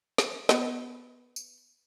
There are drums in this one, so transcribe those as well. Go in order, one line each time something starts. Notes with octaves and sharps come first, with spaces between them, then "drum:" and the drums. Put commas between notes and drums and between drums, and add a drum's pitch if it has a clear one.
drum: snare
B3 D#5, drum: snare
drum: tambourine